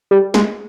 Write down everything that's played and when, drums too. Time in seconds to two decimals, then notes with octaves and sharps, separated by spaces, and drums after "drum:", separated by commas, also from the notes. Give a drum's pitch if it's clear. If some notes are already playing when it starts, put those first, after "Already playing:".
0.11 G3
0.34 G#3, drum: snare